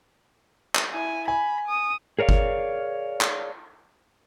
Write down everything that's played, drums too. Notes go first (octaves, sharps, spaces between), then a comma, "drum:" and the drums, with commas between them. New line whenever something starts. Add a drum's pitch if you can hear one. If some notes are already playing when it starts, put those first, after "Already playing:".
drum: clap
E4 G#5
G#5 B5
D#6
G#4 A#4 C#5 D5 F5
drum: kick G1
drum: clap